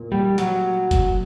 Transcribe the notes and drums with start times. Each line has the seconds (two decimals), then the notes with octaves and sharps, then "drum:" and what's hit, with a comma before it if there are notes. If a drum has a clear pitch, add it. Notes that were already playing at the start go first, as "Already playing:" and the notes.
Already playing: A#2
0.12 G3
0.38 F#3, drum: hi-hat
0.91 drum: kick F#1, hi-hat